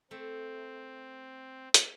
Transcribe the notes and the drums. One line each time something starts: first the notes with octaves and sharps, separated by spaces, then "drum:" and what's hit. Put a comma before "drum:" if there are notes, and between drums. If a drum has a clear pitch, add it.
A3 C4
drum: hi-hat